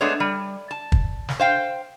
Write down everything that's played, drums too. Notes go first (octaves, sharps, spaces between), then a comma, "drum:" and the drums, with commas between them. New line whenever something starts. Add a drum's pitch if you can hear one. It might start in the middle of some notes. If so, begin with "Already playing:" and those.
G#3 A3 B3 D4 G#4 C#5
G3
A5
drum: kick
drum: snare
C5 F5 G5